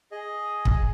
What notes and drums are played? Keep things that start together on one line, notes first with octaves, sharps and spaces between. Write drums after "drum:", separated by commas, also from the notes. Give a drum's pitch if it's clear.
G#4 D#5
drum: kick